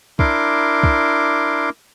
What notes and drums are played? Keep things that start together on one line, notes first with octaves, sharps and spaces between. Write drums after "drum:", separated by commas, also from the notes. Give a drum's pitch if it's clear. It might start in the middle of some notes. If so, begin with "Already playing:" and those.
D4 E4 A#4 C6 D6, drum: kick
drum: kick